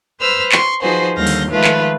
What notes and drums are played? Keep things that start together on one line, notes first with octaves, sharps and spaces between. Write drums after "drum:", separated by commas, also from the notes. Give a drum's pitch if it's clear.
B4 C5 E6 F6
C6 C#6, drum: clap
F3 D#4 F#4 G#4 B4 C5
D#2 D3 G3 F5 G6 A#6
drum: open hi-hat
D#3 F3 G#3 A3 F4 B4
drum: clap